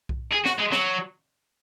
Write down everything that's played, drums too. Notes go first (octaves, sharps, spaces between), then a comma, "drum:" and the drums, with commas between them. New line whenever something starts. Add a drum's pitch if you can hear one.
drum: kick B1
G#4
F#4, drum: snare
G#3
F#3, drum: snare